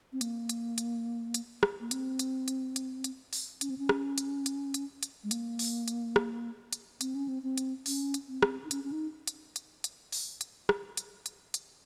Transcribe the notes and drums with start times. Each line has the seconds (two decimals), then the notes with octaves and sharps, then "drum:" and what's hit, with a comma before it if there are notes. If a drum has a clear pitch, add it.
0.13 C4
0.21 A#3, drum: hi-hat
0.49 drum: hi-hat
0.78 drum: hi-hat
1.34 drum: hi-hat
1.63 drum: rim click
1.80 A#3
1.91 C4, drum: hi-hat
2.19 drum: hi-hat
2.48 drum: hi-hat
2.76 drum: hi-hat
3.04 drum: hi-hat
3.33 drum: open hi-hat
3.61 C#4, drum: hi-hat
3.70 C4
3.78 C#4
3.89 drum: rim click
4.18 drum: hi-hat
4.46 drum: hi-hat
4.74 drum: hi-hat
5.03 drum: hi-hat
5.24 G#3
5.31 A#3, drum: hi-hat
5.59 drum: open hi-hat
5.88 drum: hi-hat
6.16 drum: rim click
6.73 drum: hi-hat
7.01 C4, drum: hi-hat
7.15 C#4
7.28 C4
7.43 C4
7.58 drum: hi-hat
7.86 C#4, drum: open hi-hat
8.14 drum: hi-hat
8.28 C4
8.42 drum: rim click
8.64 D#4
8.71 C#4, drum: hi-hat
8.84 C#4
8.92 D#4
9.27 drum: hi-hat
9.56 drum: hi-hat
9.84 drum: hi-hat
10.12 drum: open hi-hat
10.41 drum: hi-hat
10.69 drum: rim click
10.97 drum: hi-hat
11.26 drum: hi-hat
11.54 drum: hi-hat